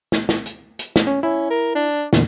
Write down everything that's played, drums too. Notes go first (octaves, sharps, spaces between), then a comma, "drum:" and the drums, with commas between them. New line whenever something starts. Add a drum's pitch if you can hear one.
drum: snare
drum: snare
drum: hi-hat
drum: hi-hat
drum: snare
C#4
C#4 E4
A#4
D4
E2 A#2 D3, drum: snare